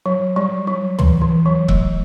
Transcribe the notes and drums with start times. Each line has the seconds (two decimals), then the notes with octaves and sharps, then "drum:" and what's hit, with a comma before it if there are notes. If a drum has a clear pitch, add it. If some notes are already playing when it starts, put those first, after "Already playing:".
0.06 F#3
0.36 G3
0.67 F#3
0.99 E3, drum: tom
1.21 E3
1.46 F#3
1.68 A3, drum: kick C#1